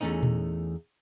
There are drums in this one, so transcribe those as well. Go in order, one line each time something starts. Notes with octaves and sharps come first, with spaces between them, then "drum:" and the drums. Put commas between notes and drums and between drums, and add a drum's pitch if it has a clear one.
E2 B2 A3 C#4 D#4
drum: tom A#2